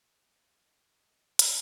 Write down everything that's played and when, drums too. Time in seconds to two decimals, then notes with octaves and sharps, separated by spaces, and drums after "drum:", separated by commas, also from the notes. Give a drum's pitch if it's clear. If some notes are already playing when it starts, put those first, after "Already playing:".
0.15 C5
0.30 D#5
0.46 F5
0.62 D#5
1.24 D5
1.39 D5, drum: hi-hat